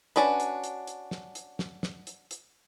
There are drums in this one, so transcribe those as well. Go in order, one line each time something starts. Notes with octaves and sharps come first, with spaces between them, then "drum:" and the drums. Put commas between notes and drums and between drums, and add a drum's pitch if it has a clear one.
C#4 D4 F#4 B4, drum: hi-hat
drum: hi-hat
drum: hi-hat
drum: hi-hat
drum: snare
drum: hi-hat
drum: snare
drum: snare
drum: hi-hat
drum: hi-hat